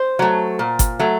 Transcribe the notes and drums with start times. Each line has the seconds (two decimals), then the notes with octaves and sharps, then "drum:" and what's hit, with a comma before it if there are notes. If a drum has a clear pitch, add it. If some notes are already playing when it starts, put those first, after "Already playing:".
Already playing: C5
0.19 F#3 A3
0.59 A#2
0.79 drum: kick G1, hi-hat
0.99 F#3 A3